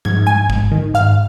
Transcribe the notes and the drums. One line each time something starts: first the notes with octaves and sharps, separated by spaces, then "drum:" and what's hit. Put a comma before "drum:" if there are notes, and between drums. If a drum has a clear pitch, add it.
G#2 G#6, drum: tom F3
G#2 G#5 G#6
G#2, drum: kick
D#3
G#2 F5 F6